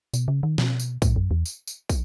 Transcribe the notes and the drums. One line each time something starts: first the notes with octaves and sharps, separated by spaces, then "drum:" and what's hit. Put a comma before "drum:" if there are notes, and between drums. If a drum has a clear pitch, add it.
B2, drum: tambourine
C#3
D#3
B2, drum: snare
drum: tambourine
A2, drum: kick, tambourine
F#2
E2
drum: tambourine
drum: tambourine
drum: kick, tambourine